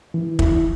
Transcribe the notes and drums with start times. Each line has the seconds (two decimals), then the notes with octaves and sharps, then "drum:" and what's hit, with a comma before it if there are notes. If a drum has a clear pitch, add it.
0.14 E3
0.39 E4, drum: kick